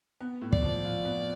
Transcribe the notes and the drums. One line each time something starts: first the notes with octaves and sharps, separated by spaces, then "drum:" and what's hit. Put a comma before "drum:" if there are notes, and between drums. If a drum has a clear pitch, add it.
B3
A2
D5, drum: kick
F3
F4
B3